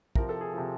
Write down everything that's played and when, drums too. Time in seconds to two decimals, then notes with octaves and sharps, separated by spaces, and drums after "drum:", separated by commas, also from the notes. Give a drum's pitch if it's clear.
0.16 C3 F3 A#4, drum: kick
0.29 A4
0.41 G#4
0.53 C3 F3